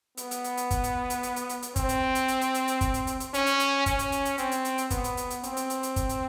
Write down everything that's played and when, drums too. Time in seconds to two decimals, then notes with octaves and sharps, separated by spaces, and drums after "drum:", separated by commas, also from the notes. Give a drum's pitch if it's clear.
0.17 B3, drum: hi-hat
0.31 drum: hi-hat
0.44 drum: hi-hat
0.58 drum: hi-hat
0.71 drum: kick, hi-hat
0.84 drum: hi-hat
1.10 drum: hi-hat
1.23 drum: hi-hat
1.36 drum: hi-hat
1.49 drum: hi-hat
1.63 drum: hi-hat
1.76 C4, drum: kick, hi-hat
1.89 drum: hi-hat
2.15 drum: hi-hat
2.28 drum: hi-hat
2.41 drum: hi-hat
2.55 drum: hi-hat
2.68 drum: hi-hat
2.81 drum: kick, hi-hat
2.94 drum: hi-hat
3.07 drum: hi-hat
3.20 drum: hi-hat
3.34 C#4, drum: hi-hat
3.47 drum: hi-hat
3.60 drum: hi-hat
3.86 C#4, drum: kick, hi-hat
3.99 drum: hi-hat
4.12 drum: hi-hat
4.25 drum: hi-hat
4.38 C4, drum: hi-hat
4.52 drum: hi-hat
4.65 drum: hi-hat
4.78 drum: hi-hat
4.91 B3, drum: kick, hi-hat
5.04 drum: hi-hat
5.17 drum: hi-hat
5.31 drum: hi-hat
5.44 C4, drum: hi-hat
5.57 drum: hi-hat
5.70 drum: hi-hat
5.83 drum: hi-hat
5.96 drum: kick, hi-hat
6.09 drum: hi-hat